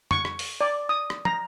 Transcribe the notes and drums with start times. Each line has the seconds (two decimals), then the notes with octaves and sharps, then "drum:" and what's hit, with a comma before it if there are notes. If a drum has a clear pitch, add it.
0.11 C#6, drum: tom
0.25 drum: rim click
0.39 drum: open hi-hat
0.61 D5
0.89 D#6
1.10 drum: rim click
1.25 A#5, drum: tom